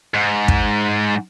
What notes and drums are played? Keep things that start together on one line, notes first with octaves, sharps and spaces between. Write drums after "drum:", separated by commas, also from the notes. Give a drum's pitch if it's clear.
G#2
drum: kick